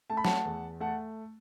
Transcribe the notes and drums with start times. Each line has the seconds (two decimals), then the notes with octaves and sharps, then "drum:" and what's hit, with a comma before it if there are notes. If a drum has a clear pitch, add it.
0.10 A3 A5
0.17 B5
0.25 F#5 A5, drum: snare
0.45 E2
0.80 A3 F#5 A5